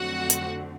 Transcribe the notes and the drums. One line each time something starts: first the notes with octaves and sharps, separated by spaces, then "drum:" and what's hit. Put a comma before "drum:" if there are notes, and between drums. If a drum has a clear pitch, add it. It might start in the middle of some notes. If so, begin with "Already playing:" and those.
Already playing: F2 D3 F#3 A3 C4 F#4 F#5
drum: hi-hat